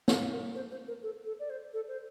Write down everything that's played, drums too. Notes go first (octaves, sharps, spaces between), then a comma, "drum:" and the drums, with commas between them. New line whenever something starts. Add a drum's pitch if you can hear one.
A4, drum: snare
A#4
C5
C5
A#4
A4
A4
D5
C5
A4
C5